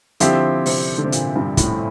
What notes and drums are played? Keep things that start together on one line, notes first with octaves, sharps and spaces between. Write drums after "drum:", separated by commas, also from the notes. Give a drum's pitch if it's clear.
D3 F3 C4 E4 G4, drum: hi-hat
C3, drum: open hi-hat
D3
C3
A#2, drum: hi-hat
G2
A2, drum: kick, hi-hat